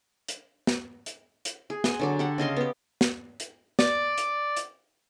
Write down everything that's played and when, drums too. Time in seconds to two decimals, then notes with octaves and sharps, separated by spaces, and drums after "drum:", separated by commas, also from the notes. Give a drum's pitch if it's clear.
0.28 drum: hi-hat
0.67 drum: snare
1.06 drum: hi-hat
1.45 drum: hi-hat
1.70 G#4
1.84 F#5 G#5 C6, drum: snare
1.99 D3 F#3 D4
2.19 G4 A4 F#5
2.38 C#3 D#5 F5 C6
2.56 B3 G4
3.01 drum: snare
3.40 drum: hi-hat
3.79 D5, drum: snare
4.18 drum: hi-hat
4.57 drum: hi-hat